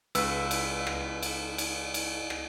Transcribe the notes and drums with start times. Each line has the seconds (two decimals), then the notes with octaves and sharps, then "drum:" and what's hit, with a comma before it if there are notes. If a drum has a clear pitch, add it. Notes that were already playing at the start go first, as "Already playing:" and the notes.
0.15 C#2 B4 E6, drum: cymbal
0.51 drum: cymbal
0.87 drum: rim click
1.23 drum: cymbal
1.58 drum: cymbal
1.94 drum: cymbal
2.30 drum: rim click